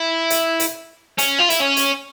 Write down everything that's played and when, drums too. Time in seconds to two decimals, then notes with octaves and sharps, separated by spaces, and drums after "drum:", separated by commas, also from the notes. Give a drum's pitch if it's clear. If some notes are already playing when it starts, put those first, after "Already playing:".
Already playing: E4
0.30 drum: hi-hat
0.60 drum: hi-hat
1.19 C#4, drum: hi-hat
1.40 F4
1.50 E4, drum: hi-hat
1.61 C#4
1.77 drum: hi-hat